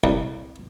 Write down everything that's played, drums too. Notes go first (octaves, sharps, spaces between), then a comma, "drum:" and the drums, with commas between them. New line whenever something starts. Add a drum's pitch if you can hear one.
C2, drum: kick